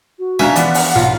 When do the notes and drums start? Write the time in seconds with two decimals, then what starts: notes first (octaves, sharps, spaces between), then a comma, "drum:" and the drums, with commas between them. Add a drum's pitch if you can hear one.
0.19 F#4
0.39 B2 D4 E5 F5 G#5 A#5, drum: snare C#4
0.56 E3 F3 B3 D5 F#5, drum: hi-hat
0.74 drum: open hi-hat
0.95 B1 F4